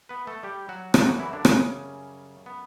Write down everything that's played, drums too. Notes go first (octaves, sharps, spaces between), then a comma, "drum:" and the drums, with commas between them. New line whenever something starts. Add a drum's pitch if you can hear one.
B3 B4
A3 A4
G3 G4
F#3 F#4
F#2 C#3 G3 A3 A4, drum: rim click
F#3 F#4
E3 E4
D3 D4
C#3 C#4, drum: rim click
B3